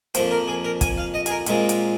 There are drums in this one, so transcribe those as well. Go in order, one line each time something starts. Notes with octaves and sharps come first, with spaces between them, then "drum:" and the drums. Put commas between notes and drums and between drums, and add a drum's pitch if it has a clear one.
F2 F3 A#3 C5, drum: hi-hat
A#4
G#4
A#4
G#5, drum: kick, hi-hat
F5
D#5
G#4, drum: hi-hat
A#4
A#2 G#3 C4 F4, drum: hi-hat
drum: hi-hat